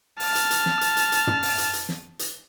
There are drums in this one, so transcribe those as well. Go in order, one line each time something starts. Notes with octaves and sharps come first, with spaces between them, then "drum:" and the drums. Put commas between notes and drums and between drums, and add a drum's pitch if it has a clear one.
A5 F6, drum: open hi-hat
drum: hi-hat
drum: hi-hat
drum: snare
drum: hi-hat
drum: hi-hat
drum: hi-hat
drum: tom
drum: open hi-hat
drum: hi-hat
drum: hi-hat
drum: snare
drum: hi-hat